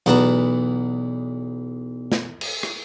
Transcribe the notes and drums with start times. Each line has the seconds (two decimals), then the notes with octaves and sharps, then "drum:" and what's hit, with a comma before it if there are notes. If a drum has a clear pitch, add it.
0.06 B1 E2 B3 F#5 A5 A#5, drum: hi-hat
2.12 drum: snare
2.41 drum: cymbal
2.63 drum: rim click